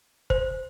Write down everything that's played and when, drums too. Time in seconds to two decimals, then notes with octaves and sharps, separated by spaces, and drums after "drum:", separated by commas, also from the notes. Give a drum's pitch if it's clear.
0.30 C5, drum: kick F#1